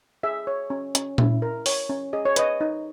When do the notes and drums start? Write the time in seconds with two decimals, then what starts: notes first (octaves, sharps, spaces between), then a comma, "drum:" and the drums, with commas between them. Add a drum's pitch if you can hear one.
0.23 G#4 E5
0.47 C#5
0.70 C#4
0.95 C#4, drum: hi-hat
1.18 E4, drum: tom A#2
1.42 A#4
1.66 C#5, drum: open hi-hat
1.89 C#4
2.13 G#4 D#5
2.25 C#5
2.36 B4 D#5, drum: hi-hat
2.61 D#4